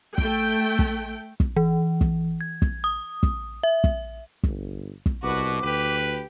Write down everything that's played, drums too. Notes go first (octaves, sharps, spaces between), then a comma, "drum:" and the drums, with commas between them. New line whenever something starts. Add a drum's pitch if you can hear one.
A3 G5, drum: kick
drum: kick
drum: kick
E3
drum: kick
G#6
drum: kick
D#6
drum: kick
E5
drum: kick
G1, drum: kick
drum: kick
C2 B2 F#4 B4 D6
D2 G4 B4